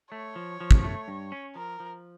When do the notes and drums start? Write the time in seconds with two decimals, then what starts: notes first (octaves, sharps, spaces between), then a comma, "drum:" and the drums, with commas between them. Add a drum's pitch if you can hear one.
0.12 A3 C#5
0.36 F3
0.60 F3
0.71 drum: kick
0.84 A3
1.08 G2
1.32 C#4
1.55 F3 A#4
1.80 F3